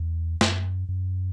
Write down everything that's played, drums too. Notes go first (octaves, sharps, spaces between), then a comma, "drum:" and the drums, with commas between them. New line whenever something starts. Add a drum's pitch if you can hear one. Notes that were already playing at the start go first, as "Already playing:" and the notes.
Already playing: E2
F#2, drum: snare
F#2